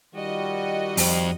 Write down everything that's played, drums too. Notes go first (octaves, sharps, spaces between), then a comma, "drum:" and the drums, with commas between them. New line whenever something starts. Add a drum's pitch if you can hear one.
D#3 G3 F4 F#4 D#5
F2 C4, drum: open hi-hat